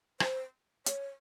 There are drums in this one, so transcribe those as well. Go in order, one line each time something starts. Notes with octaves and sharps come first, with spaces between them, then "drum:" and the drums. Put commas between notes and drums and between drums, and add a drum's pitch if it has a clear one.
C5, drum: rim click
C#5, drum: hi-hat